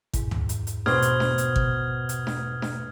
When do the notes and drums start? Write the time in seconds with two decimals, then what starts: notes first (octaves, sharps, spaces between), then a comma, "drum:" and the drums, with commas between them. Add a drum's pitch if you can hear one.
0.14 E2 G#2, drum: kick, hi-hat
0.31 drum: tom C#2
0.49 drum: hi-hat
0.67 drum: hi-hat
0.86 B2 C5 G5 D#6 F6 G#6, drum: snare D4
1.02 drum: hi-hat
1.20 drum: snare D4
1.38 drum: hi-hat
1.56 drum: kick
2.09 drum: hi-hat
2.27 drum: snare D4
2.62 drum: snare D4